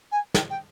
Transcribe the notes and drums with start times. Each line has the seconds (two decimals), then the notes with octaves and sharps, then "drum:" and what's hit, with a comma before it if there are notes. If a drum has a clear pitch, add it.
0.11 G#5
0.34 G5, drum: snare
0.50 G5